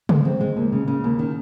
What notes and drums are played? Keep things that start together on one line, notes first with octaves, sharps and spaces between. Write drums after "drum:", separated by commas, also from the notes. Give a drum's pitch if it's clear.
G#3, drum: tom C#3
C4
G#3
D#2
C#3
C#3
D#2
D#3